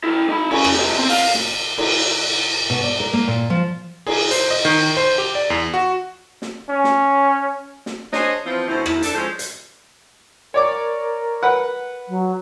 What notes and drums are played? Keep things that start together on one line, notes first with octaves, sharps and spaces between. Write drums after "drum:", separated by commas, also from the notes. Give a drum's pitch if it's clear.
E4 A#4
D#4 B5
C#4 G#4, drum: cymbal
drum: rim click
B3 G4
C4
F5, drum: open hi-hat
drum: snare
drum: cymbal
B2
D5
A#4
A#3
A#2
F3
G#4, drum: cymbal
C5, drum: hi-hat
D#5
D#3
C5
G4
D5
E2
F#4
drum: snare
C#4
drum: snare
drum: snare
D4 G#4 C5 C#5 D#5, drum: snare
E3 F3 B3 C4 F4
D2 B2 C#4 E4 C5
D#2 E4, drum: rim click
D4 A4, drum: hi-hat
F3 G#3 C#4 C5
drum: hi-hat
A#4 C#5 D5 D6
B4 F#5
F#3